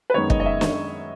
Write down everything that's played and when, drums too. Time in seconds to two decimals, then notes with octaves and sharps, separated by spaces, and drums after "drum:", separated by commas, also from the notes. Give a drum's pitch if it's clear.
0.10 B4
0.14 F#2 D#3 G#3 B3 D#4 C#5
0.30 D#5, drum: kick
0.40 D#5
0.46 E5
0.61 drum: snare